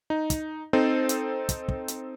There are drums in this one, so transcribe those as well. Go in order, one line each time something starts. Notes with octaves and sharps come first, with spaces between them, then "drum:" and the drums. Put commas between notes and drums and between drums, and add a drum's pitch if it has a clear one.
D#4
drum: kick, hi-hat
C4 D#4 A4 C5
drum: hi-hat
drum: kick, hi-hat
drum: kick
drum: hi-hat